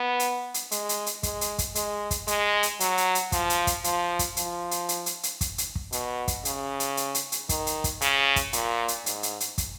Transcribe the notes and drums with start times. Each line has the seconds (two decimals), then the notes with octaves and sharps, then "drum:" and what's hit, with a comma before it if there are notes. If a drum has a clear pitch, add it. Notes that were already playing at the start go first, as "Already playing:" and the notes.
Already playing: B3
0.20 drum: hi-hat
0.54 drum: hi-hat
0.71 G#3, drum: hi-hat
0.89 drum: hi-hat
1.06 drum: hi-hat
1.23 G#3, drum: kick, hi-hat
1.41 drum: hi-hat
1.59 drum: kick, hi-hat
1.75 G#3, drum: hi-hat
2.11 drum: kick, hi-hat
2.28 G#3, drum: hi-hat
2.63 drum: hi-hat
2.80 F#3, drum: hi-hat
2.98 drum: hi-hat
3.15 drum: hi-hat
3.32 F3, drum: kick, hi-hat
3.50 drum: hi-hat
3.67 drum: kick, hi-hat
3.84 F3, drum: hi-hat
4.19 drum: kick, hi-hat
4.37 F3, drum: hi-hat
4.71 drum: hi-hat
4.89 drum: hi-hat
5.06 drum: hi-hat
5.23 drum: hi-hat
5.41 drum: kick, hi-hat
5.58 drum: hi-hat
5.75 drum: kick
5.92 B2, drum: hi-hat
6.28 drum: kick, hi-hat
6.45 C#3, drum: hi-hat
6.80 drum: hi-hat
6.97 drum: hi-hat
7.14 drum: hi-hat
7.32 drum: hi-hat
7.49 D#3, drum: kick, hi-hat
7.67 drum: hi-hat
7.84 drum: kick, hi-hat
8.01 C#3, drum: hi-hat
8.36 drum: kick, hi-hat
8.53 A#2, drum: hi-hat
8.88 drum: hi-hat
9.06 G#2, drum: hi-hat
9.23 drum: hi-hat
9.40 drum: hi-hat
9.58 drum: kick, hi-hat